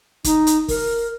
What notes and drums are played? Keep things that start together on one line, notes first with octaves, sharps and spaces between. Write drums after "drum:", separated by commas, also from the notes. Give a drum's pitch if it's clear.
D#4, drum: kick, hi-hat
drum: hi-hat
A#4, drum: kick, open hi-hat